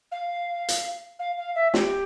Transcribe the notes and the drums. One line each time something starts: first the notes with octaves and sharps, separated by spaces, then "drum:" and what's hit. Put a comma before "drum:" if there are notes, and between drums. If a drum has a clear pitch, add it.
F5
drum: hi-hat
F5
F5
E5
G4, drum: snare